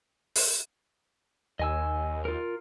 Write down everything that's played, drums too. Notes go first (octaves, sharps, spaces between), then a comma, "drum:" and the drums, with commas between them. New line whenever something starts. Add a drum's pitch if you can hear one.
drum: open hi-hat
D#2 D#5 G#5 E6
F4 A#4